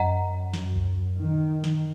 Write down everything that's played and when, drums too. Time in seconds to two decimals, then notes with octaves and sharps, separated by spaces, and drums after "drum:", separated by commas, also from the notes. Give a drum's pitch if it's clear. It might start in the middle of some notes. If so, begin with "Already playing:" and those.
Already playing: F#2 D#5 F#5 A#5
0.54 F#2, drum: snare
0.76 drum: kick
1.20 D#3
1.64 drum: snare